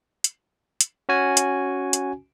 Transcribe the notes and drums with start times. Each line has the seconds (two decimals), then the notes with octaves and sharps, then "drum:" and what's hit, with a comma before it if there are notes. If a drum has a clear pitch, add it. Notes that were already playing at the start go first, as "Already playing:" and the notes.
0.24 drum: hi-hat
0.81 drum: hi-hat
1.09 C#4 F#4 G#5
1.37 drum: hi-hat
1.93 drum: hi-hat